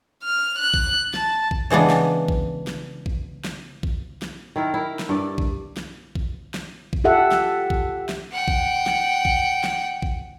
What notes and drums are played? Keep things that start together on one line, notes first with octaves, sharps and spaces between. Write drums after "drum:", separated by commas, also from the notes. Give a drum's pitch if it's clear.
F6
F#6
drum: kick A#1
A5, drum: snare
drum: kick A#1
C#3 E3 G#3 B3 D4
drum: snare
drum: kick A#1
drum: snare
drum: kick A#1
drum: snare
drum: kick A#1
drum: snare
D#3 E4 A#4
E4 A#4
drum: snare
G2 D5
drum: kick A#1
drum: snare
drum: kick A#1
drum: snare
drum: kick A#1
F4 G4 A4 E5 F#5
drum: snare
drum: kick A#1
drum: snare
F#5 G5
drum: kick A#1
drum: snare
drum: kick A#1
drum: snare
drum: kick A#1